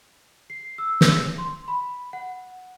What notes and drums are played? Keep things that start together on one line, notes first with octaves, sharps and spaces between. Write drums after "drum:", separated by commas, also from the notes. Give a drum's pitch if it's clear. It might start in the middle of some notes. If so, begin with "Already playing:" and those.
C7
E6
drum: snare
C6
B5
F#5